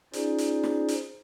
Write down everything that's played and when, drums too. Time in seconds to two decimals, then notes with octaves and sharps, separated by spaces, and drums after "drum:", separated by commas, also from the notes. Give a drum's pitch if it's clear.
0.13 C#4 D#4 F4 G#4 C5 D5, drum: hi-hat
0.38 drum: hi-hat
0.63 drum: snare
0.88 drum: hi-hat